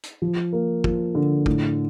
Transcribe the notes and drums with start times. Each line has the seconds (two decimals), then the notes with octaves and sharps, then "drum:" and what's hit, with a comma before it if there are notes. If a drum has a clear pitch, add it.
0.03 drum: hi-hat
0.22 F3
0.53 A#3
0.84 F3, drum: kick
1.15 D3
1.46 A2, drum: kick